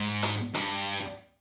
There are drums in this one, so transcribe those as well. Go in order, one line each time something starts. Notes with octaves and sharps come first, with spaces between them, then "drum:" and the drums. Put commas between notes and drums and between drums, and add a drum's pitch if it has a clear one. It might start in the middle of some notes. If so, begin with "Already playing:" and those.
Already playing: G#2
drum: hi-hat
G2, drum: hi-hat